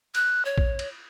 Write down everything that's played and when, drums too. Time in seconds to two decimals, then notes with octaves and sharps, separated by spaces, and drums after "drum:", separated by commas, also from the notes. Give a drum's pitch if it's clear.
0.15 F#6, drum: cymbal
0.45 C#5
0.58 drum: kick
0.79 drum: cymbal